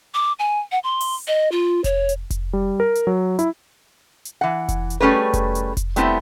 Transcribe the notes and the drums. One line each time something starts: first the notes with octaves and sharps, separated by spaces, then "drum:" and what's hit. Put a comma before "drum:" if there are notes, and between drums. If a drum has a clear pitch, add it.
D6
G#5
F#5
C6
drum: open hi-hat
D#5
F4
C#5, drum: kick F1, hi-hat
drum: hi-hat
drum: kick F1, hi-hat
G3
A#4
drum: hi-hat
F#3
E4, drum: hi-hat
drum: hi-hat
E3 F#5
drum: kick F1, hi-hat
drum: hi-hat
G3 A3 C#4 G#4 B4
drum: kick F1, hi-hat
drum: hi-hat
drum: kick F1, hi-hat
G3 A3 B3 C4 E4, drum: hi-hat